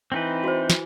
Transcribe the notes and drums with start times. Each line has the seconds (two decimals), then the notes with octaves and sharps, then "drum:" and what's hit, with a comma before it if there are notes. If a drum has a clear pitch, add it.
0.12 E3 C4 D#4 B4
0.44 F#4 C5
0.70 drum: snare